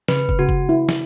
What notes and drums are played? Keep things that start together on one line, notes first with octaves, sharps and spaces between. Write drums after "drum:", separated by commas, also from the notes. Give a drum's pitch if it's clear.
C#3 B4, drum: snare
drum: kick
C#3 F#4
drum: kick
E4
drum: snare